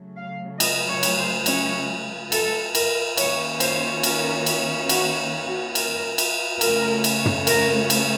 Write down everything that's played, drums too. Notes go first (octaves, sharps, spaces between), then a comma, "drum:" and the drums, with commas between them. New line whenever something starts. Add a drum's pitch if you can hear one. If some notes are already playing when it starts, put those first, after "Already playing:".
Already playing: C#3 F#3 A3
F5
D#5, drum: cymbal
C#5
drum: cymbal
C5
C#4, drum: cymbal
A4, drum: cymbal
A#4, drum: cymbal
D#3 A#3 C#4 C#5, drum: cymbal
C5, drum: cymbal
A#4, drum: cymbal
drum: cymbal
F#4, drum: cymbal
F#4
A#4, drum: cymbal
drum: cymbal
C#3 A3 C#4 A#4, drum: cymbal
drum: cymbal
drum: tom
A#4, drum: cymbal
drum: cymbal